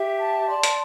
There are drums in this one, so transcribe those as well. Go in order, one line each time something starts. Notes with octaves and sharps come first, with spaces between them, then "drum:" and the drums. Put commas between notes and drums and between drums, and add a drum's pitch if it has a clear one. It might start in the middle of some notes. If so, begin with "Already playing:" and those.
Already playing: G4 E5
A5
D5 C6
drum: hi-hat